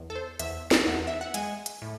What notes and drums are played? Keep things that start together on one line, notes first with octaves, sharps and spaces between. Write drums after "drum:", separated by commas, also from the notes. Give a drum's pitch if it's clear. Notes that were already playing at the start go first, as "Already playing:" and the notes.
Already playing: E2
A4
C5
E2 E5, drum: hi-hat
drum: snare
E2 F#5
E5
F#5
G#3 G#5, drum: hi-hat
drum: hi-hat
A2